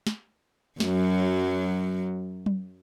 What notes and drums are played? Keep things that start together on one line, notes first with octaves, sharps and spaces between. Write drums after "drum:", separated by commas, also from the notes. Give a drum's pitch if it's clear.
drum: snare
F#2 F#3, drum: snare
drum: tom F#3